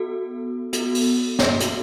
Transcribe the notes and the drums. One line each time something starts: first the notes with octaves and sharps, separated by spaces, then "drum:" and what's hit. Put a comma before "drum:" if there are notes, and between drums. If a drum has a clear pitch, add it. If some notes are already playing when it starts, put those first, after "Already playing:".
Already playing: B3 F#4 A4
B3 F#4 A4, drum: hi-hat
drum: open hi-hat
drum: snare
B3 F#4 A4, drum: hi-hat